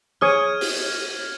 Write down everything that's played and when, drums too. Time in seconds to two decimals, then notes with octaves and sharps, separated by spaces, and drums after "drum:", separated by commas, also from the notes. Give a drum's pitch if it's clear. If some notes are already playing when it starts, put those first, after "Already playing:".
0.21 G#4 C#5 F6 G#6 D#7
0.61 drum: open hi-hat